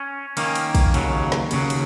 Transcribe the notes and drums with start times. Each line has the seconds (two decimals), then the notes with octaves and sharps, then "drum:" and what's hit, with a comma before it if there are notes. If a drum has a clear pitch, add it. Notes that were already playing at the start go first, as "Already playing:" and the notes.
Already playing: C#4
0.37 D#3 A#3 C#4, drum: cymbal
0.55 drum: cymbal
0.75 drum: kick, cymbal
0.94 D#2 C#3 F#3, drum: cymbal
1.32 drum: snare
1.51 D#2 C#3 F#3, drum: cymbal
1.70 drum: cymbal